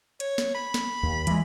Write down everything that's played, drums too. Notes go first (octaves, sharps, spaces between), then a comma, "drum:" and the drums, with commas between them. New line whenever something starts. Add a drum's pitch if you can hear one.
C#5, drum: hi-hat
drum: snare
B5
drum: snare
D#2
E3 G#3, drum: hi-hat